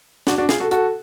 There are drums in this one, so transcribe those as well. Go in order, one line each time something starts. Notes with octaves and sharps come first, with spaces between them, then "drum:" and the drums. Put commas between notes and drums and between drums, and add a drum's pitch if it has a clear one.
D4 F#4, drum: snare
D4 F#4
F4 G#4, drum: snare
F#4 A4
F#4 A4, drum: hi-hat